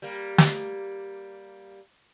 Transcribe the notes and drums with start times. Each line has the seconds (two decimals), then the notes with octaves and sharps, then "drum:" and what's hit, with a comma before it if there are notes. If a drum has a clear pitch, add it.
0.02 G3 A#3
0.38 drum: snare